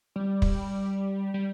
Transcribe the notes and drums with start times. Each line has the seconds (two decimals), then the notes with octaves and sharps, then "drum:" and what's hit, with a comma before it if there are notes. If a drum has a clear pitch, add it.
0.16 G3
0.42 drum: kick
1.34 G3